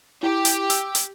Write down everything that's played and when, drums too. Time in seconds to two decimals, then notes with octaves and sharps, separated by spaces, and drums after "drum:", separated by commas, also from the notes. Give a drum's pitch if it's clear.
0.23 E4 G4
0.45 drum: hi-hat
0.70 E6, drum: hi-hat
0.95 drum: hi-hat